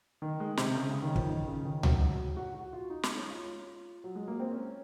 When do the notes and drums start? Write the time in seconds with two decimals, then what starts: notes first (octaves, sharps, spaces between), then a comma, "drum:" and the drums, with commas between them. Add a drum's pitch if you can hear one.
0.22 D#3
0.40 G#3
0.57 C3, drum: snare
0.75 C#3
0.89 C#3
1.02 D#3
1.16 F3, drum: kick
1.29 D#3
1.47 C#3
1.65 D#3
1.83 F#3, drum: tom C#2
2.37 F#4
2.55 F#4
2.73 F4
2.90 D#4
3.03 G#3, drum: snare
3.17 C#4
3.30 F4
4.04 F#3
4.15 G#3
4.28 A#3
4.40 C4
4.52 C#4